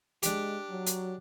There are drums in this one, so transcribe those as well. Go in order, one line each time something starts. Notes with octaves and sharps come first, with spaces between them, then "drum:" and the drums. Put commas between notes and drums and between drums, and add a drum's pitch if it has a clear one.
G#3 D4 G4, drum: hi-hat
F#3
drum: hi-hat